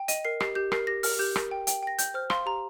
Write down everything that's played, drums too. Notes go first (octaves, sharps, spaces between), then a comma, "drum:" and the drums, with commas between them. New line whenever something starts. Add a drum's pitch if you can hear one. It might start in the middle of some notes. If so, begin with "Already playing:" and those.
Already playing: G5
D#5 D#7, drum: hi-hat
A#4 C7
G4 C7, drum: rim click
G4 G6
A#4 C7, drum: rim click
G4 A#6
A#4 F6, drum: open hi-hat
G4 G6
A#4, drum: rim click
G5
G5, drum: hi-hat
G5 A#6
G5 G6, drum: hi-hat
C5 F6
F5 C6, drum: rim click
G4 A#5